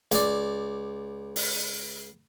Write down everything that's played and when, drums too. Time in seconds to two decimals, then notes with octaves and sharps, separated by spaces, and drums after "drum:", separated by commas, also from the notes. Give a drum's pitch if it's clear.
0.12 C#2 D5, drum: hi-hat
1.36 drum: open hi-hat